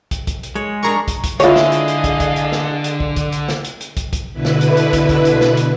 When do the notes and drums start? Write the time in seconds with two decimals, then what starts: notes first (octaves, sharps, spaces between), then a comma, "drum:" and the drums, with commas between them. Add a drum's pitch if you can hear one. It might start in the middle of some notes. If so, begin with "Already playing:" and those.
0.11 drum: kick, hi-hat
0.27 drum: kick, hi-hat
0.43 drum: hi-hat
0.55 G#3 C#5
0.83 D4 G#4 A#4 A#5 C#6
1.08 drum: kick, hi-hat
1.24 drum: kick, hi-hat
1.40 D3 G#3 E4 F4 G#4 C#5 D#5 F5, drum: hi-hat
1.56 drum: snare
1.72 drum: hi-hat
1.88 drum: hi-hat
2.04 drum: kick, hi-hat
2.20 drum: kick, hi-hat
2.36 drum: hi-hat
2.52 drum: snare
2.84 drum: hi-hat
3.00 drum: kick
3.16 drum: kick, hi-hat
3.32 drum: hi-hat
3.48 drum: snare
3.65 drum: hi-hat
3.81 drum: hi-hat
3.97 drum: kick, hi-hat
4.13 drum: kick, hi-hat
4.33 B2 D3 E4 B4
4.45 drum: snare
4.61 drum: hi-hat
4.77 drum: hi-hat
4.93 drum: kick, hi-hat
5.09 drum: kick, hi-hat
5.25 drum: hi-hat
5.41 drum: snare
5.57 drum: hi-hat